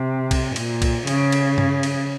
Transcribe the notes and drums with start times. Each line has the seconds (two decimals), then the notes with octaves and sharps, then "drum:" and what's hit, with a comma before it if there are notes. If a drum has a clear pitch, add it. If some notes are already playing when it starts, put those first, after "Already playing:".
Already playing: C3
0.31 drum: kick B1, cymbal
0.56 A#2, drum: cymbal
0.82 drum: kick B1, cymbal
1.07 C#3, drum: cymbal
1.32 drum: cymbal
1.58 drum: tom G2
1.83 drum: cymbal